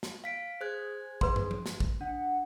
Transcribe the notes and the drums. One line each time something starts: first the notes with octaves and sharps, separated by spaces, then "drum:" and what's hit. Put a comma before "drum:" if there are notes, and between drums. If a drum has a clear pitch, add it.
drum: snare
F5 B6 D7
G#4 C5 F#6 G#6
B4 C6, drum: kick A1
drum: tom
drum: tom F3
drum: snare
drum: kick A1
D4 F#5